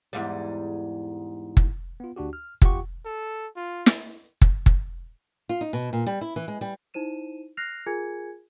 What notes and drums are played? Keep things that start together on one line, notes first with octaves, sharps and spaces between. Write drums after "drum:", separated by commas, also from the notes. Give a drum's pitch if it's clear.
E2 G#2 G3
drum: kick F#1
B3 F4
D2 D4 F#4 G4
F6
E2 F4 G4 F#5 G5 C#6, drum: kick F#1
A4
F4
drum: snare
drum: kick F#1
drum: kick F#1
F4
D#4
B2
A#2
G3
E4
E3
G#3
G3
D#4 E4 C5 D#7 E7
F6 F#6 A#6 C7 F7
F4 G#4 A#4 G#5 G#6 C#7